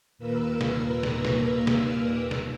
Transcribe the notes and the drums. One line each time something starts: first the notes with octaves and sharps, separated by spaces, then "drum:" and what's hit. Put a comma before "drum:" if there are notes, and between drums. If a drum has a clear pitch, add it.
D#2 A#2 A#3 A#4 B4 E6
drum: snare
drum: snare
drum: snare
drum: snare
drum: snare